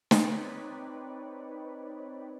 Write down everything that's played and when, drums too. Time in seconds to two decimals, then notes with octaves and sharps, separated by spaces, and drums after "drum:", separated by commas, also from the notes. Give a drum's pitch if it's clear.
0.11 C4 D#4 B4 C#5 D5, drum: snare